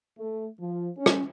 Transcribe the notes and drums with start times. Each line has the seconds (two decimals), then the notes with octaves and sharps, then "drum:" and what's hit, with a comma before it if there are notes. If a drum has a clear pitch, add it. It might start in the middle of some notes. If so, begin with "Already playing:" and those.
0.18 A3
0.59 F3
0.96 C#4
1.06 drum: rim click